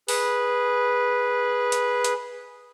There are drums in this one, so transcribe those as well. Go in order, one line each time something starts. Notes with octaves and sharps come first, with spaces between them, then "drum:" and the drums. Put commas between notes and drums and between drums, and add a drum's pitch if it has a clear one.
G#4 B4, drum: open hi-hat
drum: hi-hat
drum: hi-hat